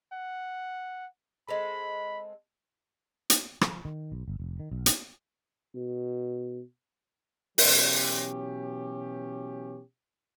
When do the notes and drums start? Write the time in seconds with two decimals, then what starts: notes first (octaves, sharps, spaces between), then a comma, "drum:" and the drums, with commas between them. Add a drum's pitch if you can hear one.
0.13 F#5
1.48 G#3 C4 A4 B5
3.30 drum: hi-hat
3.61 F3, drum: rim click
3.85 D#3
4.12 B1
4.28 G1
4.40 F1
4.60 D#3
4.71 B1
4.86 drum: hi-hat
5.75 B2
7.58 B2 E3 F#3 C#4 G4, drum: open hi-hat